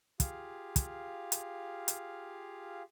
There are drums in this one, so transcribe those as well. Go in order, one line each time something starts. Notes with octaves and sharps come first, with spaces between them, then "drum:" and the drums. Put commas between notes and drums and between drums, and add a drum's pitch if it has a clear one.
F4 G4 G#4 F5, drum: kick, hi-hat
drum: kick, hi-hat
drum: hi-hat
drum: hi-hat